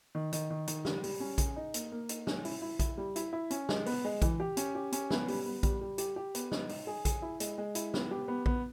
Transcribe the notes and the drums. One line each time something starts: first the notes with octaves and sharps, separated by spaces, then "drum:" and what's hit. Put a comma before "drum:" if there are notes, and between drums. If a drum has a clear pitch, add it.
D#3
D#3, drum: hi-hat
D#3
D#3, drum: hi-hat
G3, drum: snare
G3, drum: open hi-hat
C#4
G#4, drum: kick A#1, hi-hat
D#4
A#3, drum: hi-hat
A#3
D#4, drum: hi-hat
C#4, drum: snare
E4, drum: open hi-hat
E4
E4, drum: kick A#1, hi-hat
G3
E4, drum: hi-hat
E4
C#4, drum: hi-hat
G#3, drum: snare
B3, drum: open hi-hat
G#3
E3, drum: kick A#1, hi-hat
G4
C#4, drum: hi-hat
G4
C#4, drum: hi-hat
B3, drum: snare
G3, drum: open hi-hat
B3
G3, drum: kick A#1, hi-hat
G3
G4, drum: hi-hat
G4
B3, drum: hi-hat
D#4, drum: snare
D#4, drum: open hi-hat
G#4
G#4, drum: kick A#1, hi-hat
E4
G#3, drum: hi-hat
G#3
E4, drum: hi-hat
B3, drum: snare
G4
B3
B3, drum: kick A#1